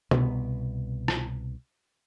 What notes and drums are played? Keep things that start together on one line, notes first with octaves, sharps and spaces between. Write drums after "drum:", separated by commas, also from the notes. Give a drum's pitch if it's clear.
C2 B2 B3, drum: tom B2
drum: rim click